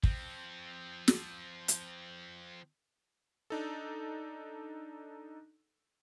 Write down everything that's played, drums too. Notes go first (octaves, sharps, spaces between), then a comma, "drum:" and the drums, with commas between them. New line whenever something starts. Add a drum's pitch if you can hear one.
F3 C4, drum: kick
drum: snare
drum: hi-hat
D4 D#4 A4